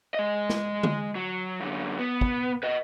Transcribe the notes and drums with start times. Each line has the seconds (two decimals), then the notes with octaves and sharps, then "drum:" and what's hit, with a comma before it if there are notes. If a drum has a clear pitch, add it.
0.14 G#3 D#5
0.50 drum: snare
0.83 drum: tom D3
1.15 F#3
1.61 F#2 D3
1.99 B3
2.21 drum: kick
2.63 B4 D#5